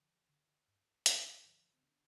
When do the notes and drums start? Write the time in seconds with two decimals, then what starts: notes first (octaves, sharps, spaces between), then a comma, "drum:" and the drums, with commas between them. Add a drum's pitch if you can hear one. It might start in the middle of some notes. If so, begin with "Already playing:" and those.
Already playing: D3 F3
0.29 D3
0.68 G2
1.06 D3, drum: hi-hat
1.44 G2 D3 F3
1.74 C4
1.82 D3 B3 D4